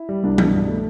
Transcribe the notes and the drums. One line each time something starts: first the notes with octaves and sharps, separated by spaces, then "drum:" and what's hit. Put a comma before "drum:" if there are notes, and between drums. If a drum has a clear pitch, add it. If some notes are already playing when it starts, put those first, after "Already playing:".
Already playing: E4
G3
C2 D4
B2, drum: tom E3
G2
A3